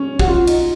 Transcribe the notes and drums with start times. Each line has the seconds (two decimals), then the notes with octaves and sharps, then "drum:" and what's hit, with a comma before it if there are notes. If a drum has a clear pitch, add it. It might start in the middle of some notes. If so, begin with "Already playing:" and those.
Already playing: C#4
0.19 F#4, drum: kick
0.28 F4
0.47 D#4, drum: cymbal